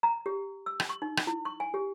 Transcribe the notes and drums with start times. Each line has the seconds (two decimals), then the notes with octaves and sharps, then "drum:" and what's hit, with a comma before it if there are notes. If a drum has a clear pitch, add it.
0.03 A#5
0.26 G4
0.66 E6
0.80 drum: rim click
0.89 C#6
1.02 D#4
1.17 drum: rim click
1.27 E4
1.45 C#6
1.60 G#5
1.74 G4